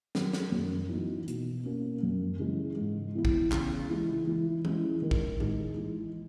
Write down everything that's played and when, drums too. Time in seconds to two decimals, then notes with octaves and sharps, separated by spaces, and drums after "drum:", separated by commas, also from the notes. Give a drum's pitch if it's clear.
0.15 D#3 F#3, drum: snare
0.33 drum: snare
0.52 F#2
0.89 E3 B3 D#4 F#4
1.28 B2, drum: hi-hat
1.65 A#3 C#4
2.03 F#2
2.39 C#3 E3 G#3
2.77 G#2
3.15 E3 B3 E4
3.25 drum: kick
3.52 C#3, drum: clap
3.90 E3 G#3
4.27 E3
4.65 G#3 C#4 E4, drum: tom E3
5.02 D#3
5.11 drum: kick
5.40 G#3 D#4, drum: tom A2
5.77 E3